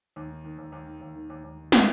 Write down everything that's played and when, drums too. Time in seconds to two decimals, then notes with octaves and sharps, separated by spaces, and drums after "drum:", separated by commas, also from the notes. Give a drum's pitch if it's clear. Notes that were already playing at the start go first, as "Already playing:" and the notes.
0.16 D#2
0.30 D#3
0.45 D#3
0.58 D#2
0.72 D#2
0.86 D#3
1.01 D#2
1.16 D#3
1.30 D#2
1.44 D#2
1.58 D#3
1.72 F#3, drum: snare